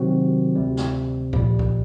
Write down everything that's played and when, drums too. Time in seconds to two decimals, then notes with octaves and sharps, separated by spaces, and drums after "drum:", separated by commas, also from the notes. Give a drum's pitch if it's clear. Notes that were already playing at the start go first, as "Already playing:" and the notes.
Already playing: C3 D#3 F#3 C4 F#4
0.55 D2 C3 G3
0.77 drum: snare
1.33 A#1 A#2 G3, drum: kick C#2
1.59 drum: kick C#2